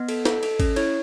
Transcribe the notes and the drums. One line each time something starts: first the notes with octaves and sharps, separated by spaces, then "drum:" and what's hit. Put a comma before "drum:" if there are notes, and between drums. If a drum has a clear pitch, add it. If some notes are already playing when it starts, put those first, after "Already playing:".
Already playing: B3 D#5
A4, drum: cymbal
A4, drum: snare
A4, drum: cymbal
C#4, drum: kick G#1, cymbal
E4 C#5, drum: cymbal